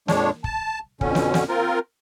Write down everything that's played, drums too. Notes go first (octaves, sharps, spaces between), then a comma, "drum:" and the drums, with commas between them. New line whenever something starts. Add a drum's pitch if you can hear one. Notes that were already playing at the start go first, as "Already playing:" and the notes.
F2 A#2 G#3 D4 C#5, drum: snare
A5, drum: kick
F2 B2 D3 C#4, drum: kick
drum: snare
drum: snare
C4 F4 A#4